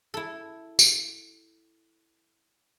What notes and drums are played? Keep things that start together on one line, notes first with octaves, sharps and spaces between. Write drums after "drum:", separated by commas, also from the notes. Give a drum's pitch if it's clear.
E4 A4
drum: tambourine